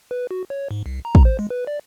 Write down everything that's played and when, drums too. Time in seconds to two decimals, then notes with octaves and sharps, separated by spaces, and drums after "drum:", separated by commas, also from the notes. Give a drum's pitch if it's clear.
0.11 B4
0.31 F#4
0.50 C#5
0.71 G#2
0.86 C2
1.05 A#5
1.15 drum: kick
1.25 C5
1.39 G#3
1.50 B4
1.67 D5